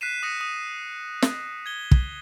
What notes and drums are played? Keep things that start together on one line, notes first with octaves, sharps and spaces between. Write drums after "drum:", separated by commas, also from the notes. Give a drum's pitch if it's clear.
F#6 B6 C7 D#7 E7
D#6 A#6 C#7
D#6 D#7
drum: snare
G#6 G7
drum: kick